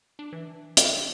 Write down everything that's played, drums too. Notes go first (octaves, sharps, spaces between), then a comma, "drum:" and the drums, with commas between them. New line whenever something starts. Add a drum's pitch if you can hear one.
D4
E3
C4, drum: hi-hat